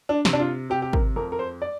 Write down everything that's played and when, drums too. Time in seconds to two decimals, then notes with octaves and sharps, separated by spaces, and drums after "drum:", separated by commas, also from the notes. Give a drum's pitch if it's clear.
0.09 D4
0.25 C3, drum: snare
0.33 D4
0.40 F4
0.70 C3 G4
0.82 G4
0.93 A#4, drum: kick
1.16 F2 A#4
1.32 A#4
1.39 C5
1.62 D5